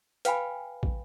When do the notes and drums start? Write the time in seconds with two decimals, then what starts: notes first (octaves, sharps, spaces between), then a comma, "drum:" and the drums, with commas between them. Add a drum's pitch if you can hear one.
0.25 B4 F5 G5 G#5 B5, drum: hi-hat
0.83 drum: kick